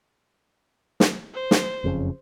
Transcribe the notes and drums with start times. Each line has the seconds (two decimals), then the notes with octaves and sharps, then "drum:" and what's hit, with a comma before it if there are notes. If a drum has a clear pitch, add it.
1.00 drum: snare
1.34 C5
1.51 drum: snare
1.84 F#1 F2 C#3